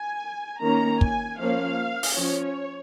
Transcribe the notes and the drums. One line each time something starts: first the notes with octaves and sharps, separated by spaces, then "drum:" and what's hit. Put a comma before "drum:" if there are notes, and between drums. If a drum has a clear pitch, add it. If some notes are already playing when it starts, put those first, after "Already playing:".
Already playing: G#5
D#3 A#3 C#4 A#5
G#5, drum: kick
F3 A#3 C#4 F5
drum: open hi-hat
F3 C#4 C#5